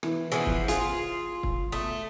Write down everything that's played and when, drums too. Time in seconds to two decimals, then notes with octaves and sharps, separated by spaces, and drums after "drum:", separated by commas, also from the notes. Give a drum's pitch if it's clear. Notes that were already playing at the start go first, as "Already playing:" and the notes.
0.03 E3, drum: rim click
0.32 E3 F3 G#4 F#5
0.46 drum: kick
0.68 F4 G#4, drum: hi-hat
1.43 drum: kick
1.72 A3 D#6